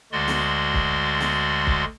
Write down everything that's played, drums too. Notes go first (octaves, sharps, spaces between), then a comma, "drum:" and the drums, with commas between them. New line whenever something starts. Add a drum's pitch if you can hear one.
D2 D3 G#3 F#4 D5 C6
drum: snare
drum: kick
drum: snare
drum: kick